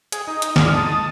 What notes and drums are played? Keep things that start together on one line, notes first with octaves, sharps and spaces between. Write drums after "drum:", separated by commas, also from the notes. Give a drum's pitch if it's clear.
G#4, drum: hi-hat
D#4
drum: hi-hat
D#2 G#2 G#3 D5 F6, drum: snare
A5 D#6